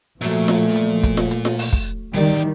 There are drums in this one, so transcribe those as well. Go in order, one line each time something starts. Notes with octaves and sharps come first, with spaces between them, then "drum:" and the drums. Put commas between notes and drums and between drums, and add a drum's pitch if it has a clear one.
A#2 F3 F#3 A3
drum: snare F4
drum: hi-hat
drum: kick, hi-hat
drum: snare F4
drum: hi-hat
drum: snare F4
drum: open hi-hat
drum: kick
D#3 E3 G3 D5, drum: hi-hat